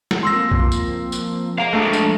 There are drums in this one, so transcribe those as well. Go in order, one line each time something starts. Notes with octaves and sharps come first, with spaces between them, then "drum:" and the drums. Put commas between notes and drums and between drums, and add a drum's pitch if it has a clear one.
drum: snare
F3 A#3 C4 C6 E6 A#6
drum: kick B1
drum: tambourine
drum: tambourine
G#3 F5 A#5
A3 A#3 D4
drum: tambourine